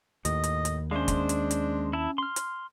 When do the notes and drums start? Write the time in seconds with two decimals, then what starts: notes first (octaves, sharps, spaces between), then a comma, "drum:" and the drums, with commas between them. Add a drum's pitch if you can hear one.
0.25 D#2 A2 D#5, drum: hi-hat
0.44 drum: hi-hat
0.65 drum: hi-hat
0.91 G#3 C#4 D4 C5 E5 F5
1.08 drum: kick, hi-hat
1.29 drum: hi-hat
1.51 drum: hi-hat
1.93 E4 A5
2.18 C6 F6
2.36 drum: hi-hat